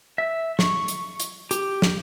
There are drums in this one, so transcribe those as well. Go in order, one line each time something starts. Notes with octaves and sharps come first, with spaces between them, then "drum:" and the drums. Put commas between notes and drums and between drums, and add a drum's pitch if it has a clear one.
E5
C#6, drum: snare
drum: hi-hat
drum: hi-hat
G4, drum: hi-hat
drum: snare